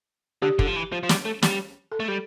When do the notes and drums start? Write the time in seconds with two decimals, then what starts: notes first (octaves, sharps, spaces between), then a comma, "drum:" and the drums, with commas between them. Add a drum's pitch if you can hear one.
0.42 D3 G4
0.59 D3, drum: kick
0.67 F3
0.76 E3
0.92 F3
1.03 F3
1.09 G3, drum: snare
1.25 A3
1.43 G3, drum: snare
1.92 A4
2.00 A3
2.08 G3